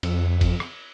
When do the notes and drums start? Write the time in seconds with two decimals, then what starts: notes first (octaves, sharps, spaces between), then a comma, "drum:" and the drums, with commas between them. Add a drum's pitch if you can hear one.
0.03 F2, drum: cymbal
0.41 drum: kick F#1, cymbal
0.60 drum: rim click